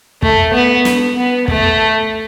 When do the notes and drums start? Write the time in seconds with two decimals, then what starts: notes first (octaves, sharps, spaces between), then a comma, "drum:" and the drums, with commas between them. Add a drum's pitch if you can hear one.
0.22 A3, drum: kick
0.54 B3
0.85 drum: snare
1.17 B3
1.48 A3, drum: kick